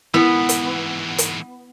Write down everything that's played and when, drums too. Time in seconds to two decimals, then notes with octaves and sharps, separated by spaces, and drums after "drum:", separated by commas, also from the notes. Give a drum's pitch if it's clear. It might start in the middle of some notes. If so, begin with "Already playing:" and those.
0.14 G#2 E3 B3 E4
0.49 drum: hi-hat
1.18 drum: hi-hat